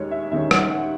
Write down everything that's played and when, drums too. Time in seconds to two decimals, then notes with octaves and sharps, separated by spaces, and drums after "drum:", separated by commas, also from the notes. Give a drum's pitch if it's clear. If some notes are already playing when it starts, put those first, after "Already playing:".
Already playing: D#2 D#3 G#3 C#4 C#5
0.11 E5
0.31 D#2 D#3 G#3 C#4 E5
0.51 F#5, drum: rim click
0.71 F#5